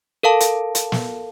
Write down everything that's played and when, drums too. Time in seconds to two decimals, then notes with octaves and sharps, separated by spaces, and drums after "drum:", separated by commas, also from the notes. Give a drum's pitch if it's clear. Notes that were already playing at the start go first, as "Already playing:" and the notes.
0.23 A4 A#4 F5 A5
0.41 drum: hi-hat
0.75 drum: hi-hat
0.92 drum: snare